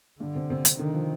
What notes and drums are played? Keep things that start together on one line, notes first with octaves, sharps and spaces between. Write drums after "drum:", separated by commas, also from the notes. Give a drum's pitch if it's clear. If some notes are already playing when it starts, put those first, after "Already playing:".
G2 D3
C3
C3
C3, drum: hi-hat
D3 D#3
F3